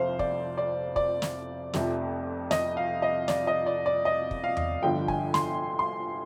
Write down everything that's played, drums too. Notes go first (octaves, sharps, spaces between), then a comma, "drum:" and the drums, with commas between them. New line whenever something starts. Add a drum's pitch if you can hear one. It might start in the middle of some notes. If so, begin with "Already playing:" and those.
Already playing: F1 F2 C3 C5 F5
D5, drum: kick
D5
D5, drum: kick
drum: snare
F1 F2 C3 F3, drum: snare
D#5, drum: snare
F5
D#5
D5, drum: snare
D#5
D5
D5
D#5
drum: kick
F5
drum: tom E2
G1 G2 D3 F3 G5
G#5, drum: kick
C6, drum: snare
C6